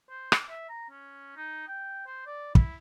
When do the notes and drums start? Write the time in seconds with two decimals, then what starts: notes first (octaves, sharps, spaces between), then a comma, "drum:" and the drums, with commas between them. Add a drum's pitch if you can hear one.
0.09 C5
0.32 D6, drum: rim click
0.49 E5
0.69 A#5
0.91 C#4
1.36 D#4
1.67 G5
2.06 C5
2.27 D5
2.55 E4, drum: kick